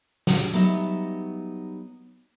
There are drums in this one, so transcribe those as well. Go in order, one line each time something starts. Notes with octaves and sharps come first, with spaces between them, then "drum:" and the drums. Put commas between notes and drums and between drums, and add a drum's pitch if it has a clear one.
drum: snare
F#3 G3 B3 D#4 C#5 E5, drum: hi-hat